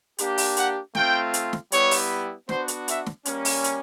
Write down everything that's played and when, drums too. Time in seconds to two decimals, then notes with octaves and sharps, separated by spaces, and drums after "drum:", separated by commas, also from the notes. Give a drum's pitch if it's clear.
0.18 A#3 D4 G4, drum: hi-hat
0.38 drum: open hi-hat
0.57 F#5, drum: hi-hat
0.95 A3 C4 F4 G5, drum: snare
1.34 drum: hi-hat
1.53 drum: snare
1.72 G3 B3 E4 G4 C#5, drum: hi-hat
1.91 drum: open hi-hat
2.49 B3 D4 F#4 C5, drum: snare
2.68 drum: hi-hat
2.88 E5, drum: hi-hat
3.06 drum: snare
3.25 G3 A#3 C#4, drum: hi-hat
3.45 drum: open hi-hat
3.64 drum: hi-hat